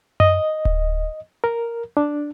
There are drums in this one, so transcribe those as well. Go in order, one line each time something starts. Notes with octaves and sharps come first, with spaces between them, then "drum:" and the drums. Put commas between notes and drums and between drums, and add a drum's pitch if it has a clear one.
D#5, drum: tom F#2
drum: kick D1
A#4
D4